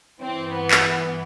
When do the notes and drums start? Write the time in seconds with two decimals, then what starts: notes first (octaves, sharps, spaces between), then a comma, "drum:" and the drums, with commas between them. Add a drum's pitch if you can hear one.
0.21 G2 E3 C4
0.50 B3
0.71 drum: clap